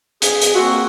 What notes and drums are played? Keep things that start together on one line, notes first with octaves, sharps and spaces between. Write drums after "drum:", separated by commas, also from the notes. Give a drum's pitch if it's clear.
G#4, drum: hi-hat
drum: hi-hat
A#3 C4 F#4